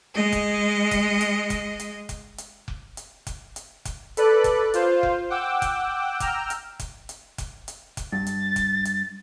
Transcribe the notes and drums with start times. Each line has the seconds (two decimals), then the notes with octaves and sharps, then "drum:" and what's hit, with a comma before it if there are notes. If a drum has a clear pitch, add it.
0.15 G#3 D#5
0.32 drum: kick F1, hi-hat
0.91 drum: kick F1, hi-hat
1.21 drum: hi-hat
1.50 drum: kick F1, hi-hat
1.80 drum: hi-hat
2.09 drum: kick F1, hi-hat
2.38 drum: hi-hat
2.68 drum: kick F1
2.97 drum: hi-hat
3.27 drum: kick F1, hi-hat
3.56 drum: hi-hat
3.85 drum: kick F1, hi-hat
4.17 A4 B4 D5 F#6, drum: hi-hat
4.44 drum: kick F1, hi-hat
4.74 F4 C5, drum: hi-hat
5.03 drum: kick F1
5.30 F#5 G5 D6 E6
5.62 drum: kick F1, hi-hat
6.20 G5 A#5 E6 F6, drum: kick F1, hi-hat
6.50 drum: hi-hat
6.79 drum: kick F1, hi-hat
7.09 drum: hi-hat
7.38 drum: kick F1, hi-hat
7.68 drum: hi-hat
7.97 drum: kick F1, hi-hat
8.12 G2 A6
8.27 drum: hi-hat
8.56 drum: kick F1, hi-hat
8.85 drum: hi-hat